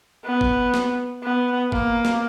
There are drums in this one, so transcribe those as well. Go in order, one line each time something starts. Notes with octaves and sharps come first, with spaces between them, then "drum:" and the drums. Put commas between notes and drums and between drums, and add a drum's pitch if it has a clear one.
B3
drum: kick
drum: snare
B3
A#3, drum: kick
drum: snare